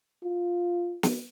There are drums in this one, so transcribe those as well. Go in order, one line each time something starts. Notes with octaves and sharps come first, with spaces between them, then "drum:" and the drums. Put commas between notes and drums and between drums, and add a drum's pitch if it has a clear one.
F4
drum: snare